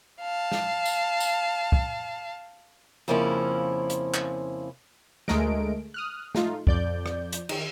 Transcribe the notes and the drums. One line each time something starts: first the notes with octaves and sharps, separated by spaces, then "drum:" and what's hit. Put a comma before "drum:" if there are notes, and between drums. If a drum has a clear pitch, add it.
F5 A5
drum: snare
drum: tambourine
drum: tambourine
drum: kick
F2 C#3 F3 A#3 C#4 E4
drum: hi-hat
drum: clap
D2 G#3 A3 A#4 D#5 D7, drum: snare
D#6 F6 F#6
A3 D#4 F4, drum: snare
F2 D5 G6, drum: kick
drum: rim click
drum: hi-hat
D#3, drum: cymbal